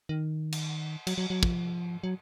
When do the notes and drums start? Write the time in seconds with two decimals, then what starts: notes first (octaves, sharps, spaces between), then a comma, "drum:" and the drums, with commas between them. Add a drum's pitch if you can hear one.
0.09 D#3
0.53 drum: cymbal
1.07 F#3, drum: cymbal
1.18 F#3
1.30 F#3
1.43 F3, drum: kick
2.04 F#3